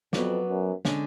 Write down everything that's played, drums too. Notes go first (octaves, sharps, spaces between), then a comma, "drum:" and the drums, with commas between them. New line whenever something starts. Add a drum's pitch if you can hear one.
F2 F#3 B3 F#4 B4 D5, drum: snare
F#2
D3 G#3 C#4, drum: snare